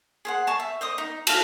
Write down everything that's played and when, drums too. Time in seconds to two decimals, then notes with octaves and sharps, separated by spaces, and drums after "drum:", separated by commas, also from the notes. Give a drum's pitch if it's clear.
0.25 G#4 C5 F#5
0.47 G#5 A5 C#6
0.60 E5
0.81 C5 D#5 D6 D#6
0.98 D#4
1.27 F5 A5, drum: cymbal